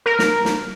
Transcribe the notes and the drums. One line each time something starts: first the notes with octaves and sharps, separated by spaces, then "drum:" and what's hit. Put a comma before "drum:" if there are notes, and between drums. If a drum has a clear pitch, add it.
A#4
drum: snare
drum: snare